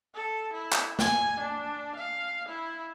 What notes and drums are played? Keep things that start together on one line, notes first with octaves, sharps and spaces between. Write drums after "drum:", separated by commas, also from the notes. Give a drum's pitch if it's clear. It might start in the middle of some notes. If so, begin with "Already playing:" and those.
A4
E4
drum: clap
G#5, drum: snare
D4
F5
E4